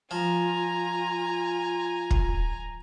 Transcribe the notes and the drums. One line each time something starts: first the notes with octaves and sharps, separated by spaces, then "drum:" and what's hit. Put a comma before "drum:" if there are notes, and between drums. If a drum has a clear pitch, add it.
F3 F4 G#5 A#5
drum: kick